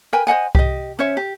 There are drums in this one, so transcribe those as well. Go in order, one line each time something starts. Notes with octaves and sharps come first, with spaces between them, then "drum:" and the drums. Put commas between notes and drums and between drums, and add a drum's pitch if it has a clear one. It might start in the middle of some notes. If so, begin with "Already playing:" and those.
A#4 B4 G5 G#5
C5 D#5 F#5 G#5
G4 D#5, drum: kick C2
C#4 C5 C#5 E5
G4